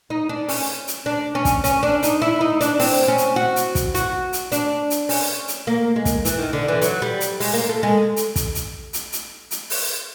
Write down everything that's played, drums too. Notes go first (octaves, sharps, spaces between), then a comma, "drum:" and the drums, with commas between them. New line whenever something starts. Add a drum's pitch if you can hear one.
D#4
D4
C#4, drum: open hi-hat
drum: hi-hat
D4
C#4
drum: kick, hi-hat
C#4, drum: hi-hat
D4
D#4, drum: hi-hat
E4
D#4
D4, drum: hi-hat
C4, drum: open hi-hat
C#4
drum: hi-hat
F#4
drum: hi-hat
drum: kick, hi-hat
F#4, drum: hi-hat
drum: hi-hat
D4, drum: hi-hat
drum: hi-hat
C#4, drum: open hi-hat
drum: hi-hat
A#3
G#3
drum: kick, hi-hat
E3, drum: hi-hat
D#3
D3
E3
F#3, drum: hi-hat
G3
drum: hi-hat
G#3, drum: open hi-hat
A#3
A3
G#3
drum: hi-hat
drum: kick, hi-hat
drum: hi-hat
drum: hi-hat
drum: hi-hat
drum: hi-hat
drum: open hi-hat